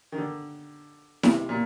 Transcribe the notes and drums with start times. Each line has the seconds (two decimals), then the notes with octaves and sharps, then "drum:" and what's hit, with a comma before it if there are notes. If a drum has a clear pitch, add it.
0.12 D#3
0.18 D3
1.23 C3, drum: snare E4
1.49 A#2